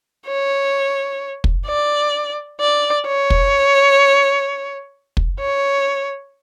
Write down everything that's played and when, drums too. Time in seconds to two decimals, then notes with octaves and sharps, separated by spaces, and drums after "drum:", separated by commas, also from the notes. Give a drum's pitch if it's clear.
0.27 C#5
1.44 drum: kick
1.67 D5
2.61 D5
3.07 C#5
3.30 drum: kick
5.17 drum: kick
5.40 C#5